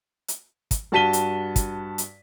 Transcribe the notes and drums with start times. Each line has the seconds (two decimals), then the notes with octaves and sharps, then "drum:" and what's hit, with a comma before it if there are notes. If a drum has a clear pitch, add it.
0.28 drum: hi-hat
0.71 drum: kick, hi-hat
0.92 G2 F#4 A5 B6 D#7 G7
1.13 drum: hi-hat
1.56 drum: kick, hi-hat
1.98 drum: hi-hat